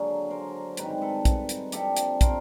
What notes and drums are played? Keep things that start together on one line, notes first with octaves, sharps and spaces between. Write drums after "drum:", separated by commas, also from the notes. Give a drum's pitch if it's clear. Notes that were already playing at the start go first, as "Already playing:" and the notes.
Already playing: D3 F#3 A#3 G#4
A#4 C5
G#2 D#3 G3 C4 B4, drum: hi-hat
C5
A4 B4
drum: kick, hi-hat
drum: hi-hat
C3 F3 A#3 D4 G4 A4, drum: hi-hat
drum: hi-hat
A#4 C5, drum: kick, hi-hat